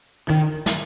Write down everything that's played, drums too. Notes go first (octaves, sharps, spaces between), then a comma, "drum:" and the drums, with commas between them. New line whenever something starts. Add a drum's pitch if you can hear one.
D#3
drum: snare